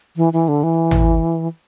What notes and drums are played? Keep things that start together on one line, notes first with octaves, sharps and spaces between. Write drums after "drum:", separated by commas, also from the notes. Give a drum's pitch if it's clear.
E3
E3
D3
E3
drum: tom G#1